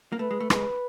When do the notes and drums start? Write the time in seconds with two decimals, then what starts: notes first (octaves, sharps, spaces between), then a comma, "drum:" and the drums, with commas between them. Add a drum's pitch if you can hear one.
0.12 A#3
0.19 A3 B4
0.31 G#3
0.40 A3
0.50 G#3 B4, drum: rim click